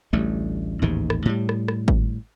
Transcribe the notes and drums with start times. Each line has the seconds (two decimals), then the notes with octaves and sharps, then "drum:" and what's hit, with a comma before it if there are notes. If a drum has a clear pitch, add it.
0.13 A1 D2 G3 A3
0.82 A1 D#2 G#2 D#3
1.10 drum: rim click
1.25 A2 G3
1.49 drum: rim click
1.68 drum: rim click
1.88 drum: kick G#1